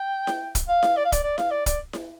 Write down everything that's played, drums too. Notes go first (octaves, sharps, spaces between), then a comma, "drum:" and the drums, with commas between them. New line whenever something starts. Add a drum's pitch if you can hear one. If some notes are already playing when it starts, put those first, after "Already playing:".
Already playing: G5
drum: snare E4
drum: kick, hi-hat
F5
drum: snare E4
D5
F5
D5, drum: kick, hi-hat
D5
F5, drum: snare E4
D5
D5, drum: kick, hi-hat
drum: snare E4